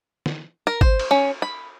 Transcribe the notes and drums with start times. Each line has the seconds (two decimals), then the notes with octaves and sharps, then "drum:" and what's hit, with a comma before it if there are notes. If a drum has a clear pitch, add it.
0.26 drum: snare
0.67 A#4
0.81 C5, drum: kick
0.99 drum: cymbal
1.11 C#4
1.42 B5